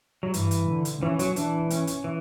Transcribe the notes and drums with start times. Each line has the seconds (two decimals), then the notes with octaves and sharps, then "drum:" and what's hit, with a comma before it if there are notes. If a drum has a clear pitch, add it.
0.23 F#3
0.34 G2 E3, drum: hi-hat
0.51 drum: hi-hat
0.68 D3
0.85 drum: hi-hat
1.02 E3 C#4
1.19 F#3, drum: hi-hat
1.36 E3 D4, drum: hi-hat
1.70 C#4, drum: hi-hat
1.87 drum: hi-hat
2.04 E3